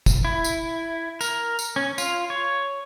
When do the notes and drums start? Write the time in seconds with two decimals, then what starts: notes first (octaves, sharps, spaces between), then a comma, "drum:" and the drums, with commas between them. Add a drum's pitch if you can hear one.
0.06 drum: kick, tambourine
0.25 E4
0.44 drum: tambourine
1.21 A#4, drum: tambourine
1.59 drum: tambourine
1.76 C#4
1.98 F4, drum: tambourine
2.30 C#5